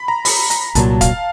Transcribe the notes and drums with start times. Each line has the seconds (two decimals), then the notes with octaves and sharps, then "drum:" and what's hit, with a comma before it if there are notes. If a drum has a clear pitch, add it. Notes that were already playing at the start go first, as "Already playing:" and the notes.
Already playing: B5
0.08 A#5
0.25 B5, drum: open hi-hat
0.50 A#5, drum: hi-hat
0.75 C2 A#2 F#3 A5, drum: hi-hat
1.01 F5, drum: kick, hi-hat